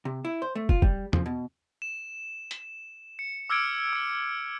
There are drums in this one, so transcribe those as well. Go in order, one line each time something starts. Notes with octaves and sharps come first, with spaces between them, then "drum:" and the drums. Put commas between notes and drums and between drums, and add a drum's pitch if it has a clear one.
C3
E4
C5
A3
F4, drum: kick
G3, drum: kick
F3, drum: tom
B2
E7
drum: hi-hat
C#7
D6 E6 F6 G#6 C#7 D7
E6 D7